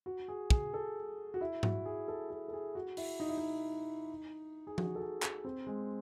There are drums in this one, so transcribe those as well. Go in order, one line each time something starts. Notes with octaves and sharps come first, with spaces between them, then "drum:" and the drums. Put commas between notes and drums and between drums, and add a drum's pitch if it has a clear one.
F#4
G#4
G#4, drum: kick
A4
F#4
E4
F#4, drum: tom G#2
G#4
A4
A4
A4
G#4
F#4
E4, drum: open hi-hat
D#4
E4
D#4
G#4
F#4, drum: tom F3
A4
G#4
A4, drum: clap
C4
G#3